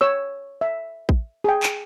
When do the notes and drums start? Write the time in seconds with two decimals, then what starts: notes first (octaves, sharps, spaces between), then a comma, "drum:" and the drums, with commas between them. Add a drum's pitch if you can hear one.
0.01 C#5 E6
0.61 E5
1.09 drum: kick
1.44 G#4 G5
1.63 drum: clap